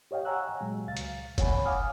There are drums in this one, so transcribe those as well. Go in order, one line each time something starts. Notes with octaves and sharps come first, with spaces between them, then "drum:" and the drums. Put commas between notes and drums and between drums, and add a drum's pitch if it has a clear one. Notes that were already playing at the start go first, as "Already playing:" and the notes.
G4 C#5 D#5 F5 G5
F#5 G#5 A#5 C#6 E6 F#6
A#2 F#3 G#3
C#2 F5 A6
drum: hi-hat
C#5 F#5 G#5 B5, drum: kick F#1, hi-hat
F5 F#5 G#5 D6 D#6 F6